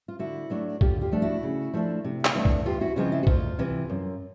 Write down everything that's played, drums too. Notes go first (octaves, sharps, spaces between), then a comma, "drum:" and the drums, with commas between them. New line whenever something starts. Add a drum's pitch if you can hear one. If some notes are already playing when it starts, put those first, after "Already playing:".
F4
D3 E4 F#4
F#3 A3 D4
D3 F4 G4, drum: kick
F4 G4
F3 A3 D4
E4 F#4
C#3
F3 A3 D4
C3
drum: clap
E3 A3 D4
drum: kick
E2 F4 G4
E4 F#4
C#3 F3 G#3 C4 F4
E4
F#4
D2 F4, drum: kick
C3 E3
F#2